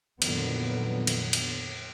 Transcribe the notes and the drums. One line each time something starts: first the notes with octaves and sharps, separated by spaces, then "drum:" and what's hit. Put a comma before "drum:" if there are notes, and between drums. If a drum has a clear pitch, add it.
F2 A#2 D3 D#3 F#3 B3, drum: cymbal
drum: cymbal
drum: cymbal